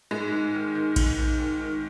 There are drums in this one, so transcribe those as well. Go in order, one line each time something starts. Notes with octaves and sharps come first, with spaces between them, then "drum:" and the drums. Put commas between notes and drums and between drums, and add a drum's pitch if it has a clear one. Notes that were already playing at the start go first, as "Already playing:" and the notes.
G#2 G#3
G#2
D#3
D#3
G#2, drum: kick A#1, cymbal
G#2
D#3
D#3